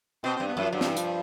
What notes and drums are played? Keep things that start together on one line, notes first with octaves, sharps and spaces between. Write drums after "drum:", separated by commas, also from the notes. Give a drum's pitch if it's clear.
B2 C4
G2 C4
B3
F#2 F3
G2 F#3
F3, drum: snare C4
E3
F3, drum: hi-hat